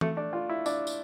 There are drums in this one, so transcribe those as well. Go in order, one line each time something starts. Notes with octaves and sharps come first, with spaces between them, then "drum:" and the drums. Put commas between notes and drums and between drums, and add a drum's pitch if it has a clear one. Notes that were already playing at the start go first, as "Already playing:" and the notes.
A3, drum: tom E3
D4
F4
E4
D4, drum: tambourine
drum: tambourine